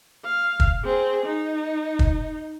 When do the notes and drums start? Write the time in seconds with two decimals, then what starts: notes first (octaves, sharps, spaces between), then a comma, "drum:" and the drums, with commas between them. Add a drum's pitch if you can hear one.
0.25 F5
0.60 drum: kick
0.84 C4 G#4
1.26 D#4
1.99 drum: kick